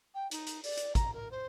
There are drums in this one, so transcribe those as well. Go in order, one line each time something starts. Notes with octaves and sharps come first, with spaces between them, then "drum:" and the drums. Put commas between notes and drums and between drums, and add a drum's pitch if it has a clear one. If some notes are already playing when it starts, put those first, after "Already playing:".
G5
D#4, drum: hi-hat
drum: hi-hat
D5, drum: open hi-hat
drum: hi-hat
A#5, drum: kick, hi-hat
A#4
C5